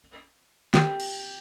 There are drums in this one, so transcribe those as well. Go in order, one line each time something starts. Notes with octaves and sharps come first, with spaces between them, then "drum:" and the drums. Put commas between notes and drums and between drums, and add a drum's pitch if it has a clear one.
G4, drum: snare
drum: cymbal